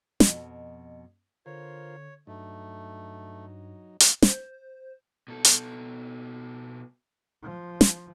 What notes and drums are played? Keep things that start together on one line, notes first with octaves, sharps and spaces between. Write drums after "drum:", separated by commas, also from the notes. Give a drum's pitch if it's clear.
F2 B2 F3, drum: snare
D3 F4 A#4 C5 C#5
G2 F#3 A3 D#4
drum: hi-hat
C5, drum: snare
B2 A4
drum: hi-hat
F3
drum: snare